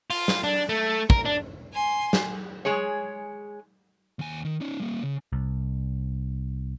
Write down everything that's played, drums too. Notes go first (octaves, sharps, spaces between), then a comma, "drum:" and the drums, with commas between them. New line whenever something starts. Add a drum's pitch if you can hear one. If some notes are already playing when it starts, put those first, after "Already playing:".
F4, drum: open hi-hat
drum: snare
D4
A3
A#4, drum: kick
D4
G#5 C6
drum: snare
G#3 G#4 C#5
D#2 G#5
D#3
C#4 D#4
G3 A#3
C#3
C2